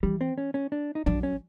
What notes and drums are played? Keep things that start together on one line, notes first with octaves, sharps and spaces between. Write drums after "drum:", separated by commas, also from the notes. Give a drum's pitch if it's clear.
E3 G3
C4
C#4
C#4
D4
D#4
F#3 D4, drum: tom A#1
C#4